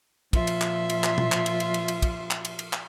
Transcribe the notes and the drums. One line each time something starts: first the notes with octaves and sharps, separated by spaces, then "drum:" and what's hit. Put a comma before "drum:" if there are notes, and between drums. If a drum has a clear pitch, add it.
A#2 F3 F4 E5 C6, drum: kick, cymbal
drum: cymbal
drum: clap
drum: cymbal
drum: clap
drum: tom B2
drum: clap
drum: cymbal
drum: cymbal
drum: cymbal
drum: cymbal
drum: kick, cymbal
drum: clap
drum: cymbal
drum: cymbal
drum: clap